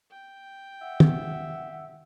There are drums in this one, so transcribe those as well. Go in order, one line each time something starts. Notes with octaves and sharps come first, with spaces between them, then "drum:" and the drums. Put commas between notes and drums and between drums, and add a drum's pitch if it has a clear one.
G5
E5 F#5
drum: tom